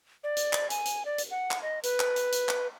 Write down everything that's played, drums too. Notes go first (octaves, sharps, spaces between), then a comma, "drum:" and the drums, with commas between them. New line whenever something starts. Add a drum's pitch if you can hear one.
D5
drum: hi-hat
drum: clap
G#5, drum: hi-hat
drum: hi-hat
D5
drum: hi-hat
F#5
drum: clap
D#5
B4, drum: hi-hat
drum: clap
drum: hi-hat
drum: hi-hat
drum: clap